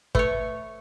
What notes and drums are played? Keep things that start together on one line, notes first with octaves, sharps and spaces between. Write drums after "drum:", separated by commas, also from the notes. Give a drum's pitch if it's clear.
A3 B4 C#5, drum: kick